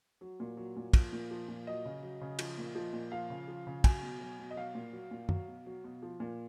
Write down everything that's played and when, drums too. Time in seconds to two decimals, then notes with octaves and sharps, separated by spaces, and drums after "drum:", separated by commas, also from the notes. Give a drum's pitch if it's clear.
0.21 F#3
0.40 A#2
0.57 F#3
0.76 A#2
0.94 F3, drum: kick, cymbal
1.12 A#2
1.31 F3
1.48 A#2
1.67 F#3 D#5
1.85 C#3
2.02 F#3
2.21 C#3
2.39 F3, drum: cymbal
2.58 A#2
2.75 F3
2.93 A#2
3.12 F3 F5
3.30 C#3
3.48 F3
3.67 C#3
3.84 F#3 G#5, drum: kick, cymbal
4.03 B2
4.20 F#3
4.39 B2
4.50 D#5
4.56 F#3 F5
4.75 A#2
4.92 F#3
5.11 A#2
5.29 F#3, drum: tom
5.48 B2
5.66 F#3
5.84 B2
6.02 F3
6.20 A#2